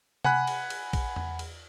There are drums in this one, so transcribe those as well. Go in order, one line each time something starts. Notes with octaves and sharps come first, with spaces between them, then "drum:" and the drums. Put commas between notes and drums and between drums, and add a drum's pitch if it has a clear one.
F#5 G#5 B5 F#6, drum: tom C3
drum: cymbal
drum: cymbal
drum: kick A#1, cymbal
drum: tom E2
drum: cymbal